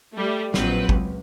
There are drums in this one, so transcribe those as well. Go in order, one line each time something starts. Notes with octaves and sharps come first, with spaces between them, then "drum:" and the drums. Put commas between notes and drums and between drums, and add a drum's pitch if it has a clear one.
G3 A3
A#1 A#2 F#3 C4 B4, drum: snare
C#2, drum: kick